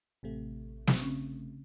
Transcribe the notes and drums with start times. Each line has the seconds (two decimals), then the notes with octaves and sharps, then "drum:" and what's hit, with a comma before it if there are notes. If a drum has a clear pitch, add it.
0.23 A1 C3 A3
0.87 drum: snare
1.01 C#3 C4 C#4